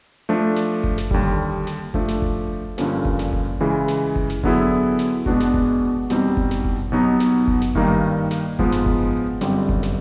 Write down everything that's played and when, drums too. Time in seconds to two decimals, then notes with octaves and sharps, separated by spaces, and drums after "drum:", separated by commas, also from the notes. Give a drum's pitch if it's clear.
0.29 F3 A3 D4
0.56 drum: snare
0.84 drum: kick F#1
0.98 drum: snare
1.11 D#2 D3 G3, drum: kick F#1
1.67 drum: snare
1.94 F3 A3 D4, drum: kick F#1
2.08 drum: snare
2.22 drum: kick F#1
2.78 G2 D3 F3 A#3 C#4, drum: snare
3.05 drum: kick F#1
3.19 drum: snare
3.33 drum: kick F#1
3.60 C#3 E3 G#3
3.88 drum: snare
4.16 drum: kick F#1
4.30 drum: snare
4.44 D3 F#3 B3 E4 G#4, drum: kick F#1
4.99 drum: snare
5.26 B2 G#3 B3 D4 F#4, drum: kick F#1
5.40 drum: snare
5.54 drum: kick F#1
6.10 E2 B2 G3 C4 D#4, drum: snare
6.37 drum: kick F#1
6.51 drum: snare
6.65 drum: kick F#1
6.92 B2 F#3 B3 D#4 G4
7.20 drum: snare
7.48 drum: kick F#1
7.62 drum: snare
7.75 G2 D#3 G3 A#3 D#4, drum: kick F#1
8.31 drum: snare
8.59 G#2 F3 G#3 B3, drum: kick F#1
8.72 drum: snare
8.86 drum: kick F#1
9.41 G1 F#2 D3 G3 C4, drum: snare
9.69 drum: kick F#1
9.83 drum: snare